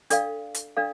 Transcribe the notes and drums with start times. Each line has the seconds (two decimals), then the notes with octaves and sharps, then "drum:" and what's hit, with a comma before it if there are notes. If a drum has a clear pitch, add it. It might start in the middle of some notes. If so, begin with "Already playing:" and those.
0.10 D4 A4 D5 F5, drum: hi-hat
0.55 drum: hi-hat
0.77 D4 A4 D5 F5